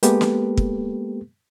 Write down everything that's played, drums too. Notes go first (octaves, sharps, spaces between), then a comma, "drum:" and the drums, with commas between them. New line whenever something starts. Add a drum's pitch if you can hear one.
G#3 A#3 B3 G4 A4 B4, drum: hi-hat
drum: snare
drum: kick